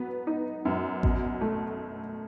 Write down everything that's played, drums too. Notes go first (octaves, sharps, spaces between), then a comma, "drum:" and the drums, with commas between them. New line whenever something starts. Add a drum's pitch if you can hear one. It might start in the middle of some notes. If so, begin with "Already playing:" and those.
Already playing: F#3 B3
D#4
F#2
B2, drum: kick A1
A3